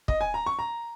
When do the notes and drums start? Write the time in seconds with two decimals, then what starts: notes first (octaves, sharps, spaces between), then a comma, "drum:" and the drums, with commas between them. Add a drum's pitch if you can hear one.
0.08 D#5, drum: kick
0.21 G#5
0.34 A#5
0.46 C#6
0.59 A#5